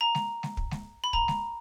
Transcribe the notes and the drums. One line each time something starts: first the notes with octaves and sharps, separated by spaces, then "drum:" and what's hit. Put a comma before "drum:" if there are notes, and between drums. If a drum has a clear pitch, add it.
A#5
drum: snare
drum: snare
drum: kick
drum: snare
B5
A#5, drum: kick
drum: snare